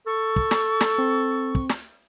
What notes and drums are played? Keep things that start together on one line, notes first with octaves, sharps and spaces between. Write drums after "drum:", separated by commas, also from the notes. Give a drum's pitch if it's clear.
A4 C#6
drum: kick
drum: snare
drum: snare
C4
drum: kick
drum: snare